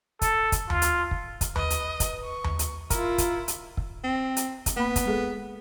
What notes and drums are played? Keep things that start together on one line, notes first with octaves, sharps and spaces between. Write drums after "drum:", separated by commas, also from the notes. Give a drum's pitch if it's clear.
A4, drum: kick, hi-hat
drum: kick, hi-hat
F4, drum: tom D#2
drum: hi-hat
drum: kick
drum: kick, hi-hat
B4 D#5, drum: tom D#2
drum: hi-hat
drum: kick, hi-hat
C#6
drum: tom D#2
drum: hi-hat
E4 F4 A#4, drum: kick, hi-hat
drum: kick, hi-hat
drum: hi-hat
drum: kick
C4
drum: hi-hat
drum: kick, hi-hat
A#3 B3 B5
drum: kick, hi-hat
G#3 G#4 A4